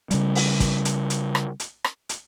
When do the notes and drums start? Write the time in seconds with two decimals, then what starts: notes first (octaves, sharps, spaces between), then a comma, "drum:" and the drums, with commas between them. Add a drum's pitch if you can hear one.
0.11 C#3 G3, drum: hi-hat
0.35 drum: open hi-hat
0.60 drum: kick, hi-hat
0.85 drum: hi-hat
1.10 drum: hi-hat
1.35 drum: rim click
1.60 drum: hi-hat
1.84 drum: rim click
2.09 drum: hi-hat